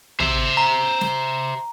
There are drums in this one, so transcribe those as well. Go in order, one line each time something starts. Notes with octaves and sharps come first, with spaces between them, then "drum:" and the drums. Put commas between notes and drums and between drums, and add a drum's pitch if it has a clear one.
C5 E5, drum: tom
A#5
drum: snare